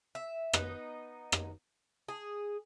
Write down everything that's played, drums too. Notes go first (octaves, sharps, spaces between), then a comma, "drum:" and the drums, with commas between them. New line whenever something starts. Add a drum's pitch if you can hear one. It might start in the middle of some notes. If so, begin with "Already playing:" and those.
E5
B3 D#4, drum: rim click
drum: rim click
G#4